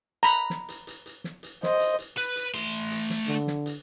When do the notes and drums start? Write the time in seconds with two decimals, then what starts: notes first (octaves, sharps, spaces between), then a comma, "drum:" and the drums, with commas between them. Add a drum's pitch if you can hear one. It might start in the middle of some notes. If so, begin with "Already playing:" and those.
0.23 A#5 B5
0.50 drum: snare
0.69 drum: hi-hat
0.87 drum: hi-hat
1.06 drum: hi-hat
1.24 drum: snare
1.43 drum: hi-hat
1.63 C5 D#5, drum: snare
1.80 drum: hi-hat
1.99 drum: hi-hat
2.17 B4, drum: hi-hat
2.36 drum: hi-hat
2.54 A3 C6, drum: hi-hat
2.91 drum: hi-hat
3.10 drum: snare
3.28 D3, drum: hi-hat
3.47 drum: snare
3.66 drum: hi-hat